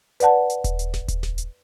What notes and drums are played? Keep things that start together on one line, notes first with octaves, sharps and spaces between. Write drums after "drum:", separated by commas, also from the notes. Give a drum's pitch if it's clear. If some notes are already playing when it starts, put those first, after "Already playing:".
B4 D5 F#5 A5, drum: hi-hat
drum: hi-hat
drum: kick D#1, hi-hat
drum: hi-hat
drum: snare G1
drum: kick D#1, hi-hat
drum: snare G1
drum: hi-hat